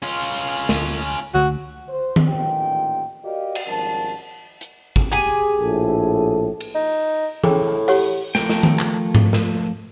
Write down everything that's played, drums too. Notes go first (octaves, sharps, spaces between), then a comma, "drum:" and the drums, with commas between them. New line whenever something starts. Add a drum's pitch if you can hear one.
C#4 F4
D2, drum: snare
C#2 D3 A3 F#4
C5
drum: tom D#3
A1 A#2 D#4 G4 G5
F#4 G4 A#4 D5 D#5 F5
drum: cymbal
G#1 F3 G3 C#4 A#4 A5
drum: hi-hat
drum: kick
G4 G#4 G#5
A#1 A2 A4
drum: cymbal
D#4
A2 G#4 G5, drum: tom E3
G4 C#5 F#5, drum: open hi-hat
F3 A3 A#4 G5, drum: snare
drum: snare
drum: tom D#3
drum: clap
drum: tom G#2
drum: snare